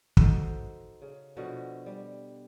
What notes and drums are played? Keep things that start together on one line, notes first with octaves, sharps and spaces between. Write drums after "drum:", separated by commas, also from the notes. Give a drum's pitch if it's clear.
D#4 F#4 A4 C5, drum: kick
C#3
B2 D3 F3 F#4
G3